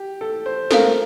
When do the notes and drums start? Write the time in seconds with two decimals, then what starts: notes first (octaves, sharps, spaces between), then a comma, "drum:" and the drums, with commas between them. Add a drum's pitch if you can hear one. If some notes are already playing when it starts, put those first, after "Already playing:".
Already playing: G4
0.21 A4
0.46 C5
0.71 A4 A#4 C5 F5, drum: snare